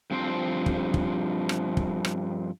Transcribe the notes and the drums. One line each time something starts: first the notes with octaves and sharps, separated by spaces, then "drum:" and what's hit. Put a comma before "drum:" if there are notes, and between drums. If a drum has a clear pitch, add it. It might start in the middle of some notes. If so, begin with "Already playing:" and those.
G2 F3 C4 C5
drum: kick
drum: kick
drum: rim click
drum: kick
drum: rim click